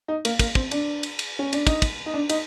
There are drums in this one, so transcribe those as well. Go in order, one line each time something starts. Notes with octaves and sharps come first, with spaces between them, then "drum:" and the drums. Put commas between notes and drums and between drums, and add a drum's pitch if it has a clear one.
D#4
A#3, drum: cymbal
A#3, drum: kick, cymbal
C4, drum: kick
D4, drum: cymbal
drum: cymbal
drum: cymbal
C#4
D4, drum: cymbal
D#4, drum: kick, cymbal
drum: kick, cymbal
D#4
D4
D#4, drum: cymbal